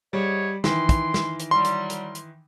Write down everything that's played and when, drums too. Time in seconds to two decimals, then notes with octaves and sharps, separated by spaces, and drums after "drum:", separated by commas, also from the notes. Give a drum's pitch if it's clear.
0.13 G#2 G3 G#4 C#5
0.64 D#3 E3 C6, drum: snare
0.89 drum: kick, hi-hat
1.14 drum: snare
1.39 drum: hi-hat
1.51 F#3 G3 C6
1.65 drum: hi-hat
1.90 drum: hi-hat
2.15 drum: hi-hat